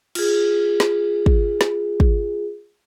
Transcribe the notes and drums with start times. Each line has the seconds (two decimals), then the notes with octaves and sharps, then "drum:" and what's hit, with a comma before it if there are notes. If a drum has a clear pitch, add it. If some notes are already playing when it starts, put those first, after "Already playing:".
0.15 F4 G#4, drum: cymbal
0.80 drum: snare
1.26 drum: kick
1.61 drum: snare
2.00 drum: kick